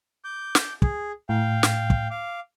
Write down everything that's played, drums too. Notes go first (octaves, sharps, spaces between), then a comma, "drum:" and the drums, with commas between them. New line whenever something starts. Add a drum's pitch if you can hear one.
D6 G6
drum: snare
G#4, drum: kick
A2 F5 G5
drum: snare
drum: kick
F5 D6